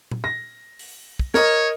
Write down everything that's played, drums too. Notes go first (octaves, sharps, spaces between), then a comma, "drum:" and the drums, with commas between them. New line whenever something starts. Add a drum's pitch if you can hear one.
drum: tom A#2
A#6
drum: open hi-hat
drum: kick
A#4 C#5 D#5, drum: snare